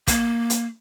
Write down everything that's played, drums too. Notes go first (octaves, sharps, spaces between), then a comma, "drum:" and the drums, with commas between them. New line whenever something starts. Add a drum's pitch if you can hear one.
A#3, drum: kick, hi-hat
drum: hi-hat